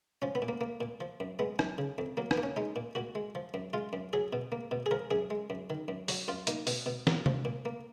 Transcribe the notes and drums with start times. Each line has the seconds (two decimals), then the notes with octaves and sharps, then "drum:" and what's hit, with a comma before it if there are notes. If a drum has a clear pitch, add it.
0.22 F3 C#4
0.35 B3
0.42 A#2
0.48 A#3
0.61 A#3
0.81 A#2
1.01 F3
1.20 F#2
1.39 G#3 B3
1.59 F#2, drum: rim click
1.78 C#3
1.98 F2
2.17 F#3 A#3
2.31 B3, drum: rim click
2.38 A#3
2.43 C#4
2.56 G#3 D#4
2.76 A#2
2.95 A#2 F#4
3.15 G#3
3.35 F3
3.54 F#2
3.73 G#3 F4
3.93 F#2
4.13 F#3 G#4
4.33 B2
4.52 A#3
4.71 B2
4.86 G#4
4.91 F3 A#4
5.11 F#2 G#4
5.30 G#3
5.50 F#2
5.70 D#3
5.88 F#2
6.08 F#3 F#4, drum: open hi-hat
6.28 F#2 F4
6.47 A#3 D#4, drum: hi-hat
6.67 B2, drum: open hi-hat
6.86 B2
7.07 A#3, drum: snare
7.26 F3, drum: tom C3
7.45 A#2
7.65 A#3